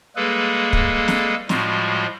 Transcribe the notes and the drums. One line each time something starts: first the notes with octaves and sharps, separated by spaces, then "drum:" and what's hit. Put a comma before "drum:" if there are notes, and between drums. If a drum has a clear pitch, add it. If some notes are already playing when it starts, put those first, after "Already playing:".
G3 G#3 A#3 G#4 A4 B4
drum: kick
drum: snare
A2 F3 G3 G#3 F4 F#4, drum: snare